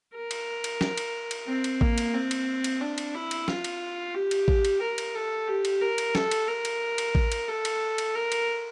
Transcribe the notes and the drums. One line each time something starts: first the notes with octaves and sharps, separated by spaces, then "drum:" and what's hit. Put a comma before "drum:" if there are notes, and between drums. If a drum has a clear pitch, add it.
A#4
drum: cymbal
drum: cymbal
drum: snare
drum: cymbal
drum: cymbal
C4
drum: cymbal
A#3, drum: kick A1
drum: cymbal
C4
drum: cymbal
drum: cymbal
D4
drum: cymbal
E4
drum: cymbal
F4, drum: snare
drum: cymbal
G4
drum: cymbal
drum: kick A1
drum: cymbal
A#4
drum: cymbal
A4
G4
drum: cymbal
A#4
drum: cymbal
A4, drum: snare
drum: cymbal
A#4
drum: cymbal
drum: cymbal
drum: kick A1
drum: cymbal
A4
drum: cymbal
drum: cymbal
A#4
drum: cymbal